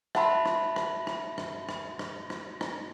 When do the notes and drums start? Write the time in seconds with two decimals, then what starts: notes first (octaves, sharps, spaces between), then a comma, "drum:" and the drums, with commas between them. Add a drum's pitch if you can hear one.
0.15 E5 F#5 A5 B5 C6, drum: rim click
0.46 drum: rim click
0.76 drum: rim click
1.07 drum: rim click
1.38 drum: rim click
1.69 drum: rim click
1.99 drum: rim click
2.30 drum: rim click
2.61 drum: rim click